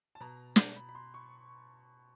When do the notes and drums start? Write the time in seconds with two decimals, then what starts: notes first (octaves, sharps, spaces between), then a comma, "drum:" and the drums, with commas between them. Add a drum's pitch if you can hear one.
0.15 A5
0.20 B2 A#5
0.56 drum: snare
0.76 B5
0.89 B5
0.95 C6
1.14 C#6